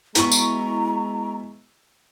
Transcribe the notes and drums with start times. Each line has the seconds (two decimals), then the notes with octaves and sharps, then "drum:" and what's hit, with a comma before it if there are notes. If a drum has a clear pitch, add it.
0.15 B2 G#3 E4 A#5 C#6, drum: hi-hat
0.32 drum: tambourine